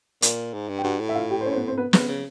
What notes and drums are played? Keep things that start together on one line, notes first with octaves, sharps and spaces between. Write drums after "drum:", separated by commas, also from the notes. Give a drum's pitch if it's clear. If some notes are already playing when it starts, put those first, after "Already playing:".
A#2, drum: hi-hat
G#2
G2
G5
G2 F#4 F#5
A2
E5
F4 F5
G4 G5
C5
C#4 C#5
C5
B3 B4
C4 C5
B3 B4
C#3 B3 B4, drum: snare
C#3